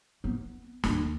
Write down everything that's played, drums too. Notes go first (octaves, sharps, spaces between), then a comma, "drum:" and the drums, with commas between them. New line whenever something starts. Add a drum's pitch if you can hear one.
B3
D#2, drum: snare